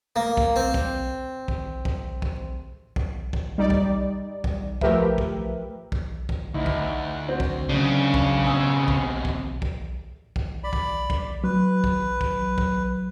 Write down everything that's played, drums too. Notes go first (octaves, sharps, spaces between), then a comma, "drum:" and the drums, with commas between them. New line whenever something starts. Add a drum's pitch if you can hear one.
A#3
drum: kick
C4
drum: kick
drum: kick
drum: kick
drum: kick
drum: kick
drum: kick
G3 D#4 D5
drum: kick
drum: kick
F3 A3 G4 A#4 B4 E5, drum: kick
drum: kick
drum: kick
drum: kick
D2 D#4 E4
drum: kick
C4 F#4 C5
drum: kick
C#3 F#3 D4
drum: kick
B2 C4 G#5 D#6 E6
drum: kick
drum: kick
drum: kick
drum: kick
D5 B5
drum: kick
drum: kick
F#3 B4
drum: kick
drum: kick
drum: kick